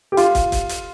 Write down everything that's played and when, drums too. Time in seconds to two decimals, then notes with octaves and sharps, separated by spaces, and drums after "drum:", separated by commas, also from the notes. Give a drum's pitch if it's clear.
0.12 G4
0.17 F4, drum: hi-hat
0.35 drum: kick, hi-hat
0.52 drum: kick, hi-hat
0.69 drum: hi-hat